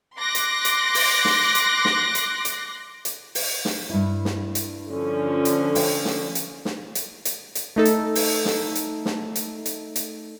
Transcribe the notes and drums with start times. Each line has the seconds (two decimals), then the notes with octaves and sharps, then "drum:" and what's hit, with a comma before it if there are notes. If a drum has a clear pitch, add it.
0.16 C6 D6 F#6 A#6
0.35 drum: hi-hat
0.65 drum: hi-hat
0.95 drum: open hi-hat
1.25 drum: snare
1.55 drum: hi-hat
1.85 drum: snare
2.15 drum: hi-hat
2.45 drum: hi-hat
3.05 drum: hi-hat
3.35 drum: open hi-hat
3.65 drum: snare
3.90 G2 E4
4.25 drum: snare
4.55 drum: hi-hat
4.89 D3 F3 C#4
5.45 drum: hi-hat
5.75 F5 G5, drum: open hi-hat
6.05 drum: snare
6.35 drum: hi-hat
6.65 drum: snare
6.95 drum: hi-hat
7.25 drum: hi-hat
7.55 drum: hi-hat
7.76 A3 D#4 A4
7.85 drum: hi-hat
8.15 drum: open hi-hat
8.45 drum: snare
8.75 drum: hi-hat
9.05 drum: snare
9.36 drum: hi-hat
9.66 drum: hi-hat
9.96 drum: hi-hat